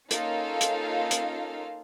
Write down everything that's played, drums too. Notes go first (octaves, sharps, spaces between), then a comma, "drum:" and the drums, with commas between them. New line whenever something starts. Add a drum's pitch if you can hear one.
A#3 C#4 D#4 F4 A4 F5, drum: hi-hat
drum: hi-hat
drum: hi-hat